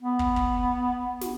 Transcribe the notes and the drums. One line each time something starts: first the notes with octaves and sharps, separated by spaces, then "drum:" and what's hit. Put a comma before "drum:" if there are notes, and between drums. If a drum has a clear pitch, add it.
B3
drum: kick
drum: kick
drum: snare